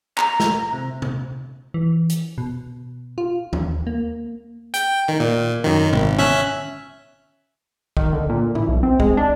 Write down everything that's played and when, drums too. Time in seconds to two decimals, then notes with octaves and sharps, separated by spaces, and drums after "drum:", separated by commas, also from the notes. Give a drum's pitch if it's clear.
0.18 A#5, drum: clap
0.40 drum: snare
0.73 C3
1.02 drum: tom C3
1.74 E3
2.10 drum: hi-hat
2.38 B2
3.18 F4
3.53 D#2, drum: tom
3.87 A#3
4.74 G5, drum: hi-hat
5.08 D#3
5.20 A#2
5.64 F#2 D#3
5.93 G#1, drum: tom C3
6.19 C#4 E5 F#6, drum: tom
7.97 D#3, drum: kick
8.13 D3
8.30 A#2
8.55 E3, drum: tom A2
8.69 B1
8.83 C4
9.00 G#3, drum: kick
9.17 D4